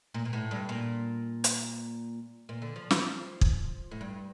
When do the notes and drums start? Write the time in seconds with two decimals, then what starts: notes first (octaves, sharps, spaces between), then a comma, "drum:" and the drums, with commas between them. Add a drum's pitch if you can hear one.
0.14 A#2
0.25 A#2
0.33 A2
0.51 G2
0.69 A#2
1.44 drum: hi-hat
2.49 A#2
2.62 D3
2.76 F3
2.91 F3, drum: snare
3.41 drum: kick
3.91 A2
4.01 G2